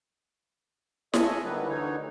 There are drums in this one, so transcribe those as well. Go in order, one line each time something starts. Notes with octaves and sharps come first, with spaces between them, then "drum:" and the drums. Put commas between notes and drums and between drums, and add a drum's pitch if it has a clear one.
A4 D#5 E5 G#5 C#6, drum: snare E4
D3 D#3 F#3 G3 B4
D2 D3 E3 D#4 C#5